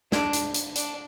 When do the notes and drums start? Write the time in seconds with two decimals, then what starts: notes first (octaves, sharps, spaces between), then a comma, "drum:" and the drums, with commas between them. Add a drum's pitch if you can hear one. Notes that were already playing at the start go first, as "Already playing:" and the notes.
0.12 D4, drum: snare
0.33 drum: hi-hat
0.54 drum: hi-hat
0.76 D4, drum: hi-hat